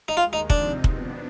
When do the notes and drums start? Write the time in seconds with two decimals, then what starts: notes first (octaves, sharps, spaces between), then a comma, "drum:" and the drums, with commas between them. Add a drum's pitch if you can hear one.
0.08 D#4
0.16 D#2 D#3 G#3 F4
0.33 D#4
0.50 C3 F3 C4 D4 D#4, drum: kick
0.84 B2 B3 D4, drum: kick